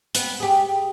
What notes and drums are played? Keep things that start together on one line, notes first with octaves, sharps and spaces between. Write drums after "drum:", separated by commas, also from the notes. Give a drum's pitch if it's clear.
B3, drum: hi-hat
G4 G#4